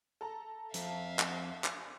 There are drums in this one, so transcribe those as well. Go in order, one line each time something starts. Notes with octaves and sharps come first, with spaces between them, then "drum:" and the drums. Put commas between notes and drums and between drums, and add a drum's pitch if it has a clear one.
A4 A#5
F2 E5 F5, drum: hi-hat
drum: clap
drum: clap